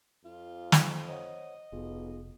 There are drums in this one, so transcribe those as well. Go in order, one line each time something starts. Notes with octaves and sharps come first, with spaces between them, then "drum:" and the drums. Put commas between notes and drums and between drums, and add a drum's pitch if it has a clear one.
F2 F4
drum: snare
C5 C#5 D#5 F#5
F1 B1 B3 F4 G#4